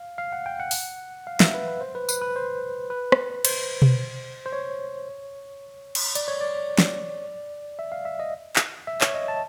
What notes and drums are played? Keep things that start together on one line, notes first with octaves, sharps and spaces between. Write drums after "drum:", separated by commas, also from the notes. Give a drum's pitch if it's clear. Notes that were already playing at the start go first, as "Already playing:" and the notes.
Already playing: F5
F5
F#5
G5
F#5
drum: open hi-hat
F5
E5, drum: snare
B4
B4
C5
B4
B4, drum: tambourine
B4
C5
B4
drum: rim click
C5, drum: cymbal
drum: tom B2
C5
C#5
drum: cymbal
D5, drum: hi-hat
C#5
D5
drum: snare
E5
F5
E5
D#5
drum: clap
E5
C#5, drum: clap
D#5
A5